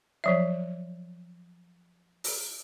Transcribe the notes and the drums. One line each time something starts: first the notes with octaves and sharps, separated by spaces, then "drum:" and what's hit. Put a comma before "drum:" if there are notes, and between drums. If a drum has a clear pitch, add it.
F3 F#3 E5
drum: open hi-hat